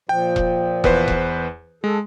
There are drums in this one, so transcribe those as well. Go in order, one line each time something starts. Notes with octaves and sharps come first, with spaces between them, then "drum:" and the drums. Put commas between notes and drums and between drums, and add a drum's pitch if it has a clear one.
A#2 F3 G5
drum: kick E1
E2 B4 C5, drum: kick E1
drum: kick E1
G#3 A4